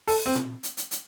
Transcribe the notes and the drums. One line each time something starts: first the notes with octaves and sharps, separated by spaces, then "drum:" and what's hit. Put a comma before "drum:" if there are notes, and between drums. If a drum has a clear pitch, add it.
A4, drum: open hi-hat
C4
drum: tom A#2
drum: hi-hat
drum: hi-hat
drum: hi-hat